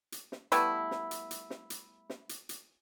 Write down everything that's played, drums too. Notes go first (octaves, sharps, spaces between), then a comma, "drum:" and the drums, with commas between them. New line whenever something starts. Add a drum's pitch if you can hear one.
drum: hi-hat
drum: snare
G3 A3 B3 E4, drum: hi-hat
drum: snare
drum: hi-hat
drum: hi-hat
drum: snare
drum: hi-hat
drum: snare
drum: hi-hat
drum: hi-hat